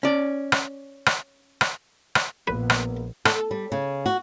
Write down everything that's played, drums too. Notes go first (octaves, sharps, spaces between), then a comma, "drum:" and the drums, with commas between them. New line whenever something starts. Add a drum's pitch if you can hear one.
C#4 D5
drum: rim click
drum: rim click
drum: rim click
drum: rim click
A#1 A#3 B3 B4
drum: rim click
A4, drum: rim click
G3
C#3
F#4